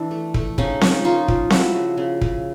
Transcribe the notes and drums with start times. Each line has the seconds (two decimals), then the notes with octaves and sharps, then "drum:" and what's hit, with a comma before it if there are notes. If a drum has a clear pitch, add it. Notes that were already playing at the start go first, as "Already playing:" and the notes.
Already playing: E3 D4 E4
0.11 A3
0.34 A3, drum: kick
0.58 C#3 C#4 D#4, drum: kick
0.81 F3 C#4 D#4, drum: snare C4
1.04 A#3 D#4 F4
1.28 F3, drum: kick
1.50 F3 E4 F#4, drum: snare C4
1.75 C#3
1.98 C#3
2.21 C#3, drum: kick